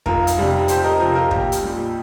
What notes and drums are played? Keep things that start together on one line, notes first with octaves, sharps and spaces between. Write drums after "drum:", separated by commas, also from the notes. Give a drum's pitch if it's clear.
F1 F4 A#4, drum: kick
drum: hi-hat
F2 C3 G3
F2 G4 C5, drum: hi-hat
A#4 D#5
C3 F3 F4 A#4
F4 A#4
A#1 G4, drum: kick
drum: hi-hat
A#2 G3